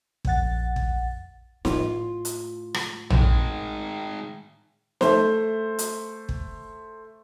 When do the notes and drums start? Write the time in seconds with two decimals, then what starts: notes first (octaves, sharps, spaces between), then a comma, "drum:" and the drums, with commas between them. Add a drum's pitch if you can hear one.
0.25 A#1 F2 F#5 A6, drum: kick
0.76 drum: kick
1.65 A2 F4, drum: snare
2.25 drum: hi-hat
2.74 drum: rim click
3.10 D#3 G#3, drum: tom A#1
5.01 A3 C5, drum: snare
5.79 drum: hi-hat
6.29 drum: kick